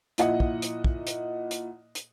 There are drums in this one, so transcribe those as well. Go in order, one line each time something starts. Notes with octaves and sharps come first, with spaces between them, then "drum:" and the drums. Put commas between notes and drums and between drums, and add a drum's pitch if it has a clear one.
A#2 F3 E4 D#5 F#5, drum: hi-hat
drum: kick
drum: hi-hat
drum: kick
drum: hi-hat
drum: hi-hat
drum: hi-hat